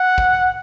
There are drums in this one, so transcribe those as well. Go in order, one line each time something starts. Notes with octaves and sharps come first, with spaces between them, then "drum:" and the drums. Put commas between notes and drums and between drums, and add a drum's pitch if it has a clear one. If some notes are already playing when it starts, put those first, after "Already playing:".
Already playing: F#5
drum: kick